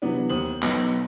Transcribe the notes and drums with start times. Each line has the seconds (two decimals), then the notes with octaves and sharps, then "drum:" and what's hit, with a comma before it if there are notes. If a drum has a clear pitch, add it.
0.02 C3 E3 F#3 B3 D4
0.30 D#2 B3 C5 D#6 F#7
0.62 B2 F#3 B3 D#4, drum: clap